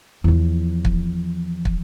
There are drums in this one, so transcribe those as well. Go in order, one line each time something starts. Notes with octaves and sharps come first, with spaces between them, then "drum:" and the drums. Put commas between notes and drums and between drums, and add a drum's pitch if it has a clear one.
E2 F3
drum: kick
drum: kick